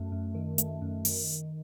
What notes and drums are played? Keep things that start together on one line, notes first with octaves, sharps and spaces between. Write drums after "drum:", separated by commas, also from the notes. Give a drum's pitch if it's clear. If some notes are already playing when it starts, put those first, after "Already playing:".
Already playing: F#2 A3
F#2
D#3
A3, drum: hi-hat
F#2
D#3, drum: open hi-hat